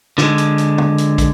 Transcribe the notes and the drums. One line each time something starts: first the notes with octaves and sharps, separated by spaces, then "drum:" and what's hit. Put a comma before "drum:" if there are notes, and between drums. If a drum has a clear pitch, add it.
D3 G#3, drum: snare
drum: hi-hat
drum: hi-hat
drum: tom
drum: hi-hat
drum: kick, hi-hat